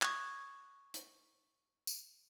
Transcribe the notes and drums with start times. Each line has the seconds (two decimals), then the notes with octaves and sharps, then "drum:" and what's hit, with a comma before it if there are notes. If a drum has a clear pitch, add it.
0.02 C#6 D#6 F#6 G#6, drum: clap
0.94 drum: hi-hat
1.87 drum: tambourine